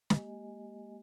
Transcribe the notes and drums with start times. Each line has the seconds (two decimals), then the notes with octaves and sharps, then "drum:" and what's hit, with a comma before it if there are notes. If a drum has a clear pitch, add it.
0.10 G#3 A#3 G4 D#5 G#5, drum: snare